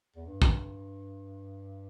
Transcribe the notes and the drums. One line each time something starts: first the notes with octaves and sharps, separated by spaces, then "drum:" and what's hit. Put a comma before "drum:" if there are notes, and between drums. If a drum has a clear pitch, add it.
E2
G2
drum: kick